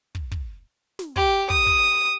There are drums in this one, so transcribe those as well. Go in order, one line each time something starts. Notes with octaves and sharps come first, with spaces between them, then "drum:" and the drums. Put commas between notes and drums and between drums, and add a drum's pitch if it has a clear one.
drum: kick
drum: kick
drum: snare
G4, drum: kick
D#6, drum: kick
drum: kick